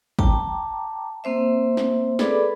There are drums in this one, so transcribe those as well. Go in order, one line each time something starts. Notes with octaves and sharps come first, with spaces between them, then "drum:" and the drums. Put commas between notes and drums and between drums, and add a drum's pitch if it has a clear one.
G5 A5 A#5 D6, drum: kick
A#3 C4 C5 E5
drum: snare
G#4 A4 B4 D5 B5 D6, drum: snare